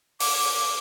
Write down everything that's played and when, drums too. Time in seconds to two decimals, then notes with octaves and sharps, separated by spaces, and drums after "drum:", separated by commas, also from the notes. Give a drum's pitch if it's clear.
0.20 D6, drum: open hi-hat